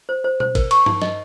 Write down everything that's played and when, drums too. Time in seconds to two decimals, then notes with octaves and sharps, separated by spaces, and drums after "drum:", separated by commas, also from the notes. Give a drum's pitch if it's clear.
0.09 C5
0.24 C5
0.40 C5, drum: tom B2
0.55 A#4, drum: kick G#1, cymbal
0.71 C#6, drum: cymbal
0.86 D#4, drum: tom G2
1.02 D#5, drum: snare